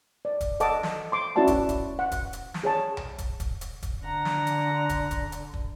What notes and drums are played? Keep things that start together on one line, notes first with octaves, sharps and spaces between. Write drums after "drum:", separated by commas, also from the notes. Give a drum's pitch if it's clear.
D5
drum: kick, hi-hat
A4 D#5 F#5 A5 D6, drum: hi-hat
drum: snare
C6 D6
C#4 E4 F#4 D5 F#5 A5
drum: kick, hi-hat
drum: kick, hi-hat
F#5
drum: kick, hi-hat
drum: hi-hat
drum: snare
G#4 C#5 A5
drum: tom C2
drum: kick, hi-hat
drum: kick, hi-hat
drum: hi-hat
drum: kick, hi-hat
D3 F#5 A#5
drum: snare
drum: hi-hat
drum: kick, hi-hat
drum: kick, hi-hat
drum: hi-hat
drum: kick